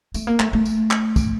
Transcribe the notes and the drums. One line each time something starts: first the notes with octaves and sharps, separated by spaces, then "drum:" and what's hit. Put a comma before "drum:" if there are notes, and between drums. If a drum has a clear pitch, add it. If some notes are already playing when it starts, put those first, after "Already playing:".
A3, drum: tambourine
A#3
A3, drum: clap
A3
drum: tambourine
drum: clap
drum: kick, tambourine